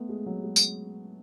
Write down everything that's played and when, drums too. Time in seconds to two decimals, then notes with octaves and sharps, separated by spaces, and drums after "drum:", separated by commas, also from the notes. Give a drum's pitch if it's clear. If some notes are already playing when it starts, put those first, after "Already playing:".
Already playing: A3 B3
0.09 G#3
0.26 F#3
0.44 G#3
0.56 drum: tambourine